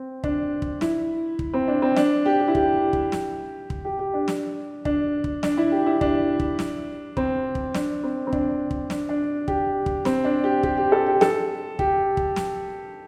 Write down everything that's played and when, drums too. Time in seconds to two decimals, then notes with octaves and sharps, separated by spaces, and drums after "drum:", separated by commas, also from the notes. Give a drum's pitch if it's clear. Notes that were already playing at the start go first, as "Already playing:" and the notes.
Already playing: C4
0.24 D4, drum: kick
0.62 drum: kick
0.81 E4, drum: snare
1.39 drum: kick
1.54 C4
1.68 D4
1.82 C4
1.96 D4, drum: snare
2.26 G4
2.40 G4
2.48 E4
2.55 G4, drum: kick
2.93 drum: kick
3.12 drum: snare
3.70 drum: kick
3.85 G4
3.99 G4
4.14 D4
4.28 drum: snare
4.85 D4, drum: kick
5.24 drum: kick
5.43 D4, drum: snare
5.57 E4
5.72 G4
5.86 E4
6.01 D4, drum: kick
6.40 drum: kick
6.59 drum: snare
7.17 C4, drum: kick
7.55 drum: kick
7.74 D4, drum: snare
8.03 C4
8.27 C4
8.32 D4, drum: kick
8.71 drum: kick
8.90 D4, drum: snare
9.09 D4
9.48 G4, drum: kick
9.86 drum: kick
10.05 C4, drum: snare
10.25 D4
10.44 G4
10.63 G4, drum: kick
10.77 G4
10.92 A4
11.07 G4
11.21 A4, drum: snare
11.79 G4, drum: kick
12.17 drum: kick
12.36 drum: snare